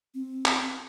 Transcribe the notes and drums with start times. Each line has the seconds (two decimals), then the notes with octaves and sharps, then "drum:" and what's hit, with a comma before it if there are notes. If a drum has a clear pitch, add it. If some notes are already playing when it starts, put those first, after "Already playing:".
0.14 C4
0.45 drum: clap